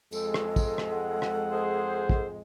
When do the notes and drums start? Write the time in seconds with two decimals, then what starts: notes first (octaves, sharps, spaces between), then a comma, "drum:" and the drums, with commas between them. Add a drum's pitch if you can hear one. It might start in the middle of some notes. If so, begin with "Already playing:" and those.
0.12 F2 G#3 A4, drum: tambourine
0.34 drum: rim click
0.56 drum: kick, tambourine
0.78 drum: rim click
0.91 F#5
1.22 drum: rim click
1.51 G#4 C5
2.09 drum: kick